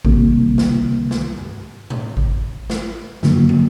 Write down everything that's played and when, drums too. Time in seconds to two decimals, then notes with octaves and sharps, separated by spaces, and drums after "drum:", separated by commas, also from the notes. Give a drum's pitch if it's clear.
0.05 C2 C3 D#3 G3 A#3, drum: kick G#1
0.58 drum: snare
1.11 drum: snare
1.37 drum: tom G2
1.90 drum: tom A2
2.17 drum: kick G#1
2.70 drum: snare
3.23 G2 D3 F#3 A#3, drum: snare
3.49 drum: tom